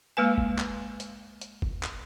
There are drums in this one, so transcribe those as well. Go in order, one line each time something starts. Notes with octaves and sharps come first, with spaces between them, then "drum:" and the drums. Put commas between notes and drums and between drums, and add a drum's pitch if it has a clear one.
G#3 A#3 B4 G#5
drum: kick
drum: clap
drum: hi-hat
drum: hi-hat
drum: kick
drum: clap